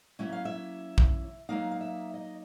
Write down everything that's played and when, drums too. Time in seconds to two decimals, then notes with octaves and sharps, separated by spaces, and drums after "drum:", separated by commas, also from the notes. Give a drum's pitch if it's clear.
0.19 F#3 A#3 C#4 E4 E5
0.33 F5
0.45 E5
0.98 drum: kick A#1
1.49 F#3 A#3 D#4 F5
1.71 F5
1.81 E5
2.14 D#5